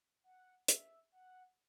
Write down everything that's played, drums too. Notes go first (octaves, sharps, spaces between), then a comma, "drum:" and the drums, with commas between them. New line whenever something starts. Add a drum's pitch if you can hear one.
F#5
E5, drum: hi-hat
F#5